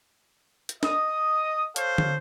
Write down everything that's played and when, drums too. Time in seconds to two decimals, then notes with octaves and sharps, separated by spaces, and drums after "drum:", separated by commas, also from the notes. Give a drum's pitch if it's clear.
0.69 drum: hi-hat
0.83 D#5 D#6, drum: snare
1.76 A4 C5 C#5 F5, drum: hi-hat
1.98 drum: tom